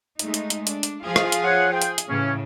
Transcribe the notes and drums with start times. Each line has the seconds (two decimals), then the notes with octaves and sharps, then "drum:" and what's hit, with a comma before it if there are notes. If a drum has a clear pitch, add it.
0.19 G#3 A3 D#4, drum: hi-hat
0.34 drum: hi-hat
0.50 drum: hi-hat
0.67 D4, drum: hi-hat
0.83 drum: hi-hat
1.03 F3 F4 G#4
1.16 drum: rim click
1.32 drum: hi-hat
1.44 C#5 F#5
1.72 G#4 C5 G5
1.82 drum: hi-hat
1.98 drum: hi-hat
2.09 A2 C#3 E3 C#4